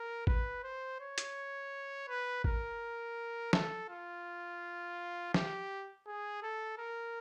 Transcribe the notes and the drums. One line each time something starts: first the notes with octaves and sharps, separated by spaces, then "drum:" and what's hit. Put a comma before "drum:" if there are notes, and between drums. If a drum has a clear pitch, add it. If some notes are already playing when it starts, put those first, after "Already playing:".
Already playing: A#4
B4, drum: kick
C5
C#5
drum: hi-hat
B4
A#4, drum: kick
A4, drum: snare
F4
G4, drum: snare
G#4
A4
A#4